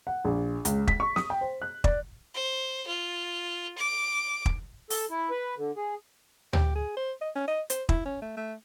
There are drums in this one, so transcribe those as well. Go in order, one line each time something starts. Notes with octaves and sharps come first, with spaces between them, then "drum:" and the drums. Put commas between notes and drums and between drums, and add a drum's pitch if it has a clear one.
F#5
A#1
C#2, drum: hi-hat
B6, drum: kick
C#6
D#6, drum: snare
G5
C5
F#6
D5, drum: kick
C5
F4
D6
drum: kick
A4, drum: open hi-hat
E4
B4
D3
G#4
G4, drum: tom
G#4
C5
D#5
C#4
D#5
C5, drum: hi-hat
E4, drum: kick
C#4
A3
A3